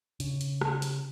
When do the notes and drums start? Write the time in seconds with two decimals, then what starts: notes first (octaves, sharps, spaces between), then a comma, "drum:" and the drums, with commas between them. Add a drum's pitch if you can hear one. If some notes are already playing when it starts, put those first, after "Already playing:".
0.20 C#3, drum: hi-hat
0.41 drum: hi-hat
0.61 drum: rim click
0.82 drum: hi-hat